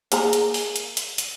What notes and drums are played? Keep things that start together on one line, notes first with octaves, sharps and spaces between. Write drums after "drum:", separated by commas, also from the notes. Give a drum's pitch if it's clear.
A#3 G#4 A#5, drum: hi-hat
drum: hi-hat
drum: open hi-hat
drum: hi-hat
drum: hi-hat
drum: hi-hat